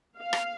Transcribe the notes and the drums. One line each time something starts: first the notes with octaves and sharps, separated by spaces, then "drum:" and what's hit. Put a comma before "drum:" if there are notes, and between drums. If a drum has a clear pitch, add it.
F5
drum: rim click